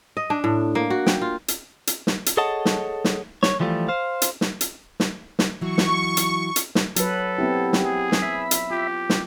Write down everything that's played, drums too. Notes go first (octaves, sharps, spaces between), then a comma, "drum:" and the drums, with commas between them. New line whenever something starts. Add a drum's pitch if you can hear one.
D#5
D4
A2
A#3
F#4
G5, drum: snare
F4
drum: hi-hat
drum: hi-hat
drum: snare
drum: hi-hat
G#4 A4 C#5 D#5 F#5 A5
drum: snare
drum: snare
C#5, drum: snare
E3 F3 G3 A3 F4
C5 F5
drum: hi-hat
drum: snare
drum: hi-hat
drum: snare
drum: snare
E3 F#3 C#6
drum: snare
drum: hi-hat
drum: hi-hat
drum: snare
F#3 A4 B4, drum: hi-hat
B3 C4 E4 G4
drum: snare
G#4
drum: snare
E5 B5
drum: hi-hat
F4 G4
drum: snare